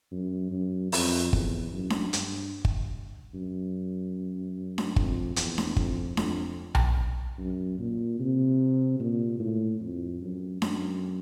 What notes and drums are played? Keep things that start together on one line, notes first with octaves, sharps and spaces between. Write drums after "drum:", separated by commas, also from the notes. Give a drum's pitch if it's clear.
F#2
F#2
F2, drum: open hi-hat
E2, drum: kick
F#2
drum: snare D4
G2, drum: hi-hat
drum: kick
F#2
drum: snare D4
F2, drum: kick
E2, drum: hi-hat
drum: snare D4
F2, drum: kick
F2, drum: snare D4
drum: tom B1
F#2
A#2
C3
A#2
A2
F2
F#2
F#2, drum: snare D4